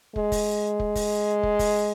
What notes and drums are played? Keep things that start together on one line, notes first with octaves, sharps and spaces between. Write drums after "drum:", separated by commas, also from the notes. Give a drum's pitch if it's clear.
G#3, drum: kick
drum: kick, open hi-hat
drum: kick
drum: kick, open hi-hat
drum: kick
drum: kick, open hi-hat